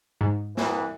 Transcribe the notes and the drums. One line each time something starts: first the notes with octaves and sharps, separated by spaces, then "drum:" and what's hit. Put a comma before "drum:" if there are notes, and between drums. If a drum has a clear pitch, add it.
G#2
C2 E3 B3, drum: snare